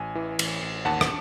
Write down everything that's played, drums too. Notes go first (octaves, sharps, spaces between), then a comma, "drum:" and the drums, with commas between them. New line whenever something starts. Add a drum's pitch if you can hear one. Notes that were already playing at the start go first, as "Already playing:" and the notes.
Already playing: A1 G#5
E3
A1, drum: cymbal
A1
D#2 F#5 A5
drum: rim click